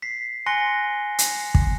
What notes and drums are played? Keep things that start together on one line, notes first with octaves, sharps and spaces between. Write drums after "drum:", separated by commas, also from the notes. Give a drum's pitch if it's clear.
B6 C7
G#5 C6 F#6 A#6 C#7 G7
drum: hi-hat
drum: kick